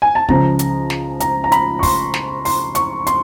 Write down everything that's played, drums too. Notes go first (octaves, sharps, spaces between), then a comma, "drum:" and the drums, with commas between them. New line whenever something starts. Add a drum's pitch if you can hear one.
G#5
A5
C#2 C#3 F3 A#5, drum: kick
drum: hi-hat
drum: snare
A#5, drum: hi-hat
A#5
B5, drum: hi-hat
C#6
C6, drum: kick, open hi-hat
drum: snare
C6, drum: open hi-hat
C#6, drum: hi-hat
C6, drum: hi-hat